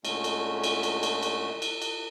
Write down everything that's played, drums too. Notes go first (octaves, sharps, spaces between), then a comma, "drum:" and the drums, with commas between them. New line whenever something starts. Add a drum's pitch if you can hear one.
A#2 D3 G#3 A3 C#4, drum: cymbal
drum: cymbal
drum: cymbal
drum: cymbal
drum: cymbal
drum: cymbal
drum: cymbal
drum: cymbal